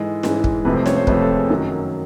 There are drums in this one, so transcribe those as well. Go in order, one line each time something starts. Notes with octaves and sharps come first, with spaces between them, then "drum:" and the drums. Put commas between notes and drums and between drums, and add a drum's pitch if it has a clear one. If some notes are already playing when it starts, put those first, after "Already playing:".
Already playing: G#2 E3 G#3 A4
G#2 E3 G#3, drum: snare C#4
drum: kick
F2 C3 F3 A3 B4
C5
C#5, drum: snare C#4
C5
F2 C3 F3 A3 B4, drum: kick
A4
G#4
F#2 D#3 F#3